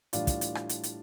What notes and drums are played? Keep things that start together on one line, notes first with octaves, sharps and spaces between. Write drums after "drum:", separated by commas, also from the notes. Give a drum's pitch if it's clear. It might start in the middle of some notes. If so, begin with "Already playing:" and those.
A2 E3 G3 D4 F4, drum: hi-hat
drum: kick, hi-hat
drum: hi-hat
drum: rim click
drum: hi-hat
drum: hi-hat